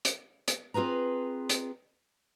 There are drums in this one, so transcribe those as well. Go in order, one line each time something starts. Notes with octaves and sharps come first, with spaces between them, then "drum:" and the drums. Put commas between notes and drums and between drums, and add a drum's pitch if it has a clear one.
drum: hi-hat
drum: hi-hat
C4 F4 G#4 B4 A#5
drum: hi-hat